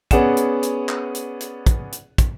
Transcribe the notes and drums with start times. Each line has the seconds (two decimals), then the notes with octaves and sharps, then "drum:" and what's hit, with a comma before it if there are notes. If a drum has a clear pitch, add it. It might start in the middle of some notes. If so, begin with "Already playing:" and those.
0.11 B3 C#4 G#4 D5 F#5 E7, drum: kick, hi-hat
0.37 drum: hi-hat
0.63 drum: hi-hat
0.89 drum: clap
1.15 drum: hi-hat
1.41 drum: hi-hat
1.66 drum: kick, hi-hat
1.92 drum: hi-hat
2.18 drum: kick, hi-hat